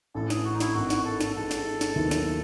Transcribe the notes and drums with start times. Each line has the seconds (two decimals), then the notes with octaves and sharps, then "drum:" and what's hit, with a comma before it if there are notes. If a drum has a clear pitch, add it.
0.15 A1 A2 E3 A4
0.30 G#4, drum: snare
0.45 F#4
0.54 D#4
0.60 E4, drum: snare
0.75 G#1 G#2 E3 F#4
0.90 drum: snare
1.05 A4
1.21 drum: snare
1.35 G#2 E3 G#3 A4
1.51 drum: snare
1.81 drum: snare
1.96 D#2 D#3 F#3 B3 E4
2.11 drum: snare